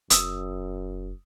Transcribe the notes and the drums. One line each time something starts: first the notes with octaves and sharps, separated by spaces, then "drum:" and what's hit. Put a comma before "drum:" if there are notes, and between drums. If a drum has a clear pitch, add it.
F1 F#2 D#6 E6, drum: hi-hat